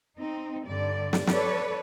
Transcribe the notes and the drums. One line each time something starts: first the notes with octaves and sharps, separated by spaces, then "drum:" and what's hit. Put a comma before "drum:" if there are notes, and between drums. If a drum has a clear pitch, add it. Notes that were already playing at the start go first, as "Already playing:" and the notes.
C4 D#4
G2 D3 D5
drum: snare
A4 B4 C#5 D5, drum: snare